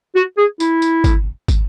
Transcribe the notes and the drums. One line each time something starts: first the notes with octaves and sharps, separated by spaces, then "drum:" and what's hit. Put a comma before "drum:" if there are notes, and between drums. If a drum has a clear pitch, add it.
F#4
G#4
E4, drum: tambourine
drum: tambourine
drum: kick, tambourine
drum: kick, tambourine